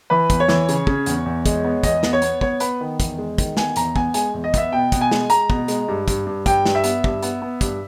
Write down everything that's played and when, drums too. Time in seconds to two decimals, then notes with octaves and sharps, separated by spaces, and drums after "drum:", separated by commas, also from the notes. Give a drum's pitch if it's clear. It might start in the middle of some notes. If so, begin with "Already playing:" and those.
0.10 E3 B4
0.30 E2, drum: kick, hi-hat
0.40 C#5
0.48 E3, drum: snare
0.69 C#3, drum: hi-hat
0.87 C#3, drum: kick
1.06 E2, drum: hi-hat
1.26 E2
1.46 G#3, drum: kick, hi-hat
1.64 B3
1.83 E2 D#5, drum: kick, hi-hat
2.03 B3, drum: snare
2.13 C#5
2.22 B3, drum: hi-hat
2.41 B3 C#5, drum: kick
2.60 B3 B4, drum: hi-hat
2.81 D#3
3.00 E2, drum: kick, hi-hat
3.18 G#3
3.38 D#3, drum: kick, hi-hat
3.57 B3 G#5, drum: snare
3.76 E2 A#5, drum: hi-hat
3.96 B3 G#5, drum: kick
4.14 G#3 G#5, drum: hi-hat
4.34 E2
4.44 D#5
4.54 B3 E5, drum: kick, hi-hat
4.72 B2 G5
4.92 B2, drum: kick, hi-hat
5.01 G#5
5.11 G#3, drum: snare
5.30 G#3 A#5, drum: hi-hat
5.50 B2, drum: kick
5.68 G#3, drum: hi-hat
5.88 G2
6.08 G2, drum: kick, hi-hat
6.27 G2
6.46 G2 G5, drum: kick, hi-hat
6.66 G2, drum: snare
6.75 E5
6.84 B3, drum: hi-hat
7.04 G2, drum: kick
7.23 B3, drum: hi-hat
7.42 B3
7.61 G2, drum: kick, hi-hat